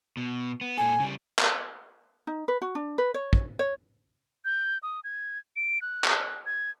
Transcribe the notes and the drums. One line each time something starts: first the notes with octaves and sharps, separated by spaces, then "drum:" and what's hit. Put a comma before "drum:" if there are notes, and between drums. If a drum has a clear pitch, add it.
B2
B3
A#2 A4 G#5
C#3 G3
drum: clap
D#4
B4
F#4
D4
B4
C#5
drum: kick
C#5
G6
D#6
G#6
D7
F#6
drum: clap
G#6